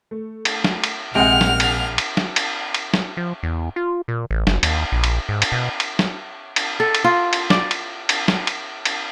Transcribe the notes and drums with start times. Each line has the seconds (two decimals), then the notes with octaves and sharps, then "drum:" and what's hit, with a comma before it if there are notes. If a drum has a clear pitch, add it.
0.11 A3
0.45 drum: cymbal
0.64 drum: snare
0.84 drum: cymbal
1.15 A#1 C3 G#3 F#5 G5 F6
1.41 drum: snare
1.60 drum: cymbal
1.98 drum: cymbal
2.17 drum: snare
2.36 drum: cymbal
2.74 drum: cymbal
2.94 drum: snare
3.17 F3
3.43 E2
3.76 F4
4.08 A#2
4.31 A1
4.47 F#1, drum: snare
4.63 D#2, drum: cymbal
4.92 A#1
5.04 drum: cymbal
5.29 G#2
5.42 drum: cymbal
5.52 B2
5.80 drum: cymbal
5.99 drum: snare
6.56 drum: cymbal
6.80 A4
6.95 drum: cymbal
7.04 F4
7.33 drum: cymbal
7.50 D5, drum: snare
7.71 drum: cymbal
8.09 drum: cymbal
8.28 drum: snare
8.47 drum: cymbal
8.85 drum: cymbal